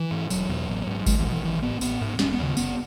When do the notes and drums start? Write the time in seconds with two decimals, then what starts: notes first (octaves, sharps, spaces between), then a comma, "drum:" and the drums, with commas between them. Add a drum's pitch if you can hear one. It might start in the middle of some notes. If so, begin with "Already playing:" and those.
Already playing: E3
0.11 G#2
0.30 E1 F#3, drum: tambourine
0.49 E2 B2
0.68 A1
0.87 G#2
1.06 C#2 G#3, drum: kick G#1, tambourine
1.19 E3
1.25 B2
1.32 E3
1.44 B1 E3
1.62 A2 B3
1.81 A1 B3, drum: tambourine
2.01 G#2
2.13 B3
2.19 E1 C#4, drum: snare
2.32 B3
2.39 D#2 C#3
2.57 F#1 B3, drum: tambourine